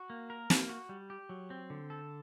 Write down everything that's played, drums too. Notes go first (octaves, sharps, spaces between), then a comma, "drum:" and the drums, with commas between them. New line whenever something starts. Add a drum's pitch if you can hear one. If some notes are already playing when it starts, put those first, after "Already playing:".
Already playing: F#4
A#3
A#4
A#3, drum: snare
F#4
G3
G4
F#3
C4
D3
A4